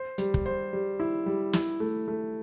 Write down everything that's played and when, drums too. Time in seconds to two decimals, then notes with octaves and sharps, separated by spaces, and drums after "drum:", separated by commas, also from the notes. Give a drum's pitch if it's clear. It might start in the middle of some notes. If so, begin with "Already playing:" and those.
Already playing: C5
0.18 G3, drum: hi-hat
0.34 drum: kick
0.46 C5
0.73 G3
1.00 E4
1.26 G3
1.53 E4, drum: snare
1.80 A3
2.08 A3